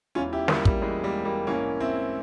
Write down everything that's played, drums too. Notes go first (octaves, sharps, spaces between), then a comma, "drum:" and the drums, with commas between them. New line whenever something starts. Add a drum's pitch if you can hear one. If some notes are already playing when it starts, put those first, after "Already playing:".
E1 E2 E3 C#4 F4
E4 G4
G3 A#3, drum: snare
G3, drum: kick
E1 E2 E3 G#3
G3 A#3
G3 A#3
A#1 G#2 E3 A#3 C#4
C4 E4